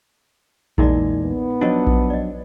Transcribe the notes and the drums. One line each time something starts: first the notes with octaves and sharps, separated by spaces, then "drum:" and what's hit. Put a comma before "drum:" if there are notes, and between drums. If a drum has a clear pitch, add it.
E2 A#2 G#3 D#4 D5, drum: kick A#1
B3
F3 F#3 D4 C#5 D#5 A5
drum: kick A#1
D5 D#5